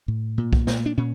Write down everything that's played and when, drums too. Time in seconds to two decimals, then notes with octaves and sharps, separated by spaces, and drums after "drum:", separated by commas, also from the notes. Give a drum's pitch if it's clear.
0.08 A2
0.38 A#2
0.53 drum: kick
0.67 A#2, drum: snare
0.86 D4
0.97 A#2 C#4